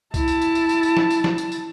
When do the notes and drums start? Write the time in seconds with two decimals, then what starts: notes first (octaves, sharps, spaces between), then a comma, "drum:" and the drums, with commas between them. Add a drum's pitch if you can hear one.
0.14 E4 A5, drum: kick C2, tambourine
0.28 drum: tambourine
0.41 drum: tambourine
0.55 drum: tambourine
0.69 drum: tambourine
0.83 drum: tambourine
0.97 drum: snare
1.10 drum: tambourine
1.24 drum: snare
1.38 drum: tambourine
1.52 drum: tambourine